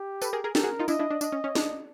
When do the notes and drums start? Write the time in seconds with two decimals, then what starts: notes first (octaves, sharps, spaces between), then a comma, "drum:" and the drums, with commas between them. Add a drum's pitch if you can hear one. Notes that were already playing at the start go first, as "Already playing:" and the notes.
Already playing: G4
0.22 A4 B4, drum: tambourine
0.33 G#4 A#4
0.44 G#4 A#4
0.55 G4 A4 A#4, drum: snare
0.63 F#4 G#4
0.79 D#4 F4
0.88 D4 E4 D#5, drum: tambourine
0.99 D4 E4
1.11 D4
1.21 D4 D#5, drum: tambourine
1.32 C#4
1.44 C#4
1.55 D4, drum: snare